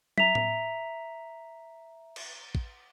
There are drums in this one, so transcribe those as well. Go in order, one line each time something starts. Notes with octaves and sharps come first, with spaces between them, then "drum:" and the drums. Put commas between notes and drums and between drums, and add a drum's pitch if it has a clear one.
E5 A#5 B6 F7, drum: tom
drum: tom A2
drum: cymbal
drum: kick